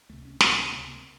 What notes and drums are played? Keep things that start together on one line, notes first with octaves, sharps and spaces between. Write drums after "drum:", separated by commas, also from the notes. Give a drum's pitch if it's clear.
C#2 C3 A3
C#4
C#2 C3 C4, drum: snare
B3
C#2 C3 B3
A#3